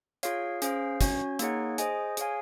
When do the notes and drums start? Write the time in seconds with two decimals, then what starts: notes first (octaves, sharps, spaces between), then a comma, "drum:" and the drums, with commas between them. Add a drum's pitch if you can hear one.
0.23 F4 G#4 C#5 F5, drum: hi-hat
0.62 C#4 G#4 C5 F5, drum: hi-hat
1.01 C#4 F#4 C#5, drum: kick, hi-hat
1.39 A#3 D#4 G#4 C#5 F#5, drum: hi-hat
1.78 G#4 C5 D#5 G#5, drum: hi-hat
2.17 G#4 C#5 F5 G#5, drum: hi-hat